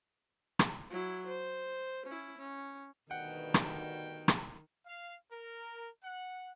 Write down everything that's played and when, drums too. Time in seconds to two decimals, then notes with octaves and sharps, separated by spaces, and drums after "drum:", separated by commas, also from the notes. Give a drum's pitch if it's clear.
0.59 drum: rim click
0.90 F#3 E4
1.27 C5
2.07 C#4 E4
2.38 C#4
3.11 D2 G2 B2 D#3 F#5 G5
3.54 drum: rim click
4.28 drum: rim click
4.86 F5
5.32 A#4
6.04 F#5